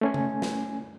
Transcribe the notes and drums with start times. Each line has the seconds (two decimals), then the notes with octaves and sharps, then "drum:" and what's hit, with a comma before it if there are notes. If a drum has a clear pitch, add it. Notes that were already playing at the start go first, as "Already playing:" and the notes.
0.01 A3 C#4 G#5
0.14 drum: tom C3
0.42 drum: snare